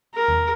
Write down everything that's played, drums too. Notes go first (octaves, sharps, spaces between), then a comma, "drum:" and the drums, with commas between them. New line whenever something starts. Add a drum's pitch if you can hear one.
A#4
drum: tom E2